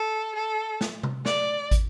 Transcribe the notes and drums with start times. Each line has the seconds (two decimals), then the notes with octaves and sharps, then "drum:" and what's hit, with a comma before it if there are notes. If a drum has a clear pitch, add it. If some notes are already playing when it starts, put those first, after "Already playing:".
Already playing: A4
0.36 A4
0.81 drum: snare
1.03 drum: tom C3
1.25 D5, drum: snare
1.71 drum: kick, hi-hat